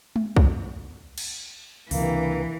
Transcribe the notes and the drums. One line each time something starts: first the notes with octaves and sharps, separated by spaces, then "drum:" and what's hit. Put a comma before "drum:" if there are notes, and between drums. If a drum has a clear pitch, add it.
drum: tom G#3
drum: kick C2
drum: cymbal
C#2 G2 C3 E3 A#3, drum: open hi-hat